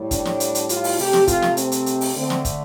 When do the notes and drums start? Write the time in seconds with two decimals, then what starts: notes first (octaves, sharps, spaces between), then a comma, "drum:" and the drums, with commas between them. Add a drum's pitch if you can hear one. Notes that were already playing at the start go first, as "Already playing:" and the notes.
Already playing: A2 G3
0.11 D4, drum: kick, hi-hat
0.25 drum: snare
0.40 drum: hi-hat
0.55 drum: hi-hat
0.69 F4, drum: hi-hat
0.84 drum: open hi-hat
0.98 C3 A3 G4, drum: open hi-hat
1.13 drum: snare
1.27 F4, drum: kick, hi-hat
1.42 drum: snare
1.57 C4, drum: hi-hat
1.72 drum: hi-hat
1.86 drum: hi-hat
2.01 drum: open hi-hat
2.15 D3 A3 C4
2.30 drum: snare
2.45 drum: kick, hi-hat